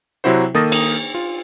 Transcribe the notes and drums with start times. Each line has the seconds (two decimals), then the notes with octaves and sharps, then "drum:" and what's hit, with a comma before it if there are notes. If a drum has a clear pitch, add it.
0.24 C3 F#3 C4 E4 F#4 C5
0.54 D#3 A#3 A4 D#6 A6 A#6
0.72 drum: cymbal
1.15 F4